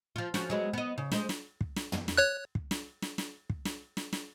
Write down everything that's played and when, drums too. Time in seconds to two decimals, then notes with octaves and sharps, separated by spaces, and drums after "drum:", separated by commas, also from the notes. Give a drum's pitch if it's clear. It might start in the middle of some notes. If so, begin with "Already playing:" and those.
0.16 F3 F4
0.34 F3 C#4 F#4, drum: snare
0.50 F#3 G#3 B3
0.73 B3 D#5
0.98 C#3
1.12 G#3 C5, drum: snare
1.29 drum: snare
1.61 drum: kick
1.76 drum: snare
1.92 drum: tom
2.08 drum: snare
2.17 C#5 F#6
2.55 drum: kick
2.71 drum: snare
3.02 drum: snare
3.18 drum: snare
3.50 drum: kick
3.65 drum: snare
3.97 drum: snare
4.13 drum: snare